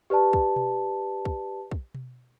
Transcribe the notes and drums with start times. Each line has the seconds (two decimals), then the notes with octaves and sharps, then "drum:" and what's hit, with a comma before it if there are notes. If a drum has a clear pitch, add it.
0.10 G4 B4 D5 A5
0.33 drum: kick
0.56 drum: tom B2
1.25 drum: kick
1.71 drum: kick
1.95 drum: tom B2